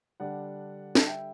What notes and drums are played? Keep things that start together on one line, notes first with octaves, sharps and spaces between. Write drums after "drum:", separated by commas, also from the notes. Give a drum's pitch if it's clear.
D3 G3 D4 D5 F#5
A5, drum: snare
E5 G5